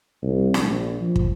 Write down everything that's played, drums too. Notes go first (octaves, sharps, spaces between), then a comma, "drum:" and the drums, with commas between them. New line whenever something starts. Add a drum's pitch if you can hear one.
C2
drum: snare
A#1
F3
drum: kick